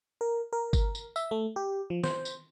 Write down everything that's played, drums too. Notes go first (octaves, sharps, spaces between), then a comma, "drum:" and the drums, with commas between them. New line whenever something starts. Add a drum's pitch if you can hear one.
A#4
A#4
drum: kick G1, tambourine
drum: tambourine
E5, drum: tambourine
A3
G4
F3
C5, drum: snare
drum: tambourine